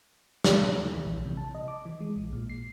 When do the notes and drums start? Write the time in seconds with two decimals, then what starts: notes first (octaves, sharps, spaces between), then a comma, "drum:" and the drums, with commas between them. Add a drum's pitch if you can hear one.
0.44 drum: snare
0.67 B2
0.94 E3
1.06 A#1
1.25 C3
1.37 A5
1.55 D#5
1.68 D6
1.85 E3
2.00 G#3
2.16 A#1
2.33 A#2
2.50 C7